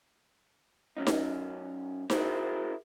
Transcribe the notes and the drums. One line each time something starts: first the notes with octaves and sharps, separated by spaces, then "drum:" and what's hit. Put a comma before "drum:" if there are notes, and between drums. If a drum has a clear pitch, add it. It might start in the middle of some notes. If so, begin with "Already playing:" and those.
F#2 C#4 D#4
drum: snare D#4
E4 F#4 G#4 A#4 C5, drum: snare D#4